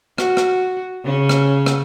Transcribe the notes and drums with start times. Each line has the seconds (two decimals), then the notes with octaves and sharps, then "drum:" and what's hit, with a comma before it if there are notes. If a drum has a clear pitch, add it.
0.18 F#4, drum: rim click
0.37 drum: rim click
1.04 C#3 C#4
1.29 drum: rim click
1.66 drum: rim click